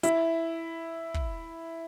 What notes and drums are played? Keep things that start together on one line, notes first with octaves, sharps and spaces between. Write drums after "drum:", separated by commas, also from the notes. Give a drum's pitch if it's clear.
E4, drum: hi-hat
drum: kick